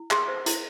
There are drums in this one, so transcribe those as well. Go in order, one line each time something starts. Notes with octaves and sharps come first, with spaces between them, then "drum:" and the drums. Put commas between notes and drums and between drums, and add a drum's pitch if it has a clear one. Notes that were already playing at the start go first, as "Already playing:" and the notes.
Already playing: E4
G#4 C6, drum: clap
C5
E4, drum: hi-hat